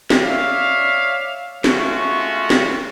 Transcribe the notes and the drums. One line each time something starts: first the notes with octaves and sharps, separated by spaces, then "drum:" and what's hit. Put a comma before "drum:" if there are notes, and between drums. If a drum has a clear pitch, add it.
drum: snare
C#5 D5 E5 F5
G#3 A3 C#4 F4 F#4, drum: snare
drum: snare